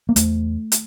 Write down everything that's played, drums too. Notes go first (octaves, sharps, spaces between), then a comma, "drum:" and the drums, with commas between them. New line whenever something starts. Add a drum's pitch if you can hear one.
A#3
E2 A3, drum: hi-hat
drum: hi-hat